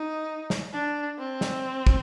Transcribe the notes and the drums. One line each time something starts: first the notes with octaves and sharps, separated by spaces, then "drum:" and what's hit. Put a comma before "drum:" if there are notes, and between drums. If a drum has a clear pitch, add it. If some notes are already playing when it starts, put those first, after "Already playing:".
Already playing: D#4
drum: snare
D4
C4
drum: snare
drum: kick